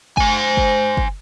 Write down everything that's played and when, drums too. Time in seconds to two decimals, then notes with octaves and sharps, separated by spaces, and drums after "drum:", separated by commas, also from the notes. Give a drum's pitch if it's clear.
0.17 C5 G#5, drum: kick
0.57 drum: kick
0.97 drum: kick